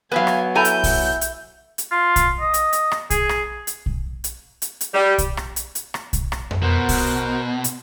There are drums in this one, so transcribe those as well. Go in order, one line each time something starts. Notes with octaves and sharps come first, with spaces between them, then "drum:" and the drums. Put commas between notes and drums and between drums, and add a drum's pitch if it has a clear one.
F#3 B3 B4 E5 F5 G#5
drum: rim click
E4 A4 G#5 A#5 G6
drum: hi-hat
drum: kick, open hi-hat
drum: hi-hat
drum: hi-hat
F4
drum: kick, hi-hat
D#5
drum: hi-hat
drum: hi-hat
drum: rim click
G#4, drum: kick, hi-hat
drum: rim click
drum: hi-hat
drum: kick
drum: hi-hat
drum: hi-hat
drum: hi-hat
G3
drum: kick, hi-hat
drum: rim click
drum: hi-hat
drum: hi-hat
drum: rim click
drum: kick, hi-hat
drum: rim click
drum: tom F2
B2 F#4 A#4 C5
drum: kick, open hi-hat
drum: hi-hat